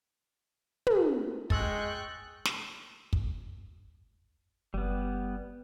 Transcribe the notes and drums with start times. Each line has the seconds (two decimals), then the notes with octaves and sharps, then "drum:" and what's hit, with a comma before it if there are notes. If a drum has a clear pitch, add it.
0.87 drum: tom
1.50 G#3 G5 C#6 E6 F#6 A6, drum: kick
2.45 drum: snare
3.13 drum: kick
4.74 F#1 G3 B3